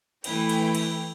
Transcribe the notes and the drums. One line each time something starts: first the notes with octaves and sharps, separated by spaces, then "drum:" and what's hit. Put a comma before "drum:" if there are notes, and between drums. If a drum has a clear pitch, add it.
E3 A3 E4 B4 G5, drum: cymbal
drum: cymbal
drum: cymbal